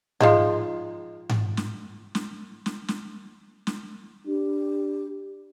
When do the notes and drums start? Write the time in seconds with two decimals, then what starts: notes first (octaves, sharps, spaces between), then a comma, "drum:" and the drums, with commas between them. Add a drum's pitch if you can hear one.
0.21 F3 G#3 D#4, drum: tom G#2
1.29 drum: tom G#2
1.57 drum: snare
2.15 drum: snare
2.66 drum: snare
2.88 drum: snare
3.67 drum: snare
4.27 D4 G4